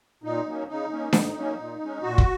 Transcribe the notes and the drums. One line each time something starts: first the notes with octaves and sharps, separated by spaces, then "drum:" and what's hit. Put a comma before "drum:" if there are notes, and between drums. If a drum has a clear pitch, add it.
A#2 D#4
F#3 A#3 C#4
C#3 D#4
A#3 C#4
G#2, drum: snare D4
F#3 A#3 C#4
A#2
G#3 C#4
A#2 F#4
drum: kick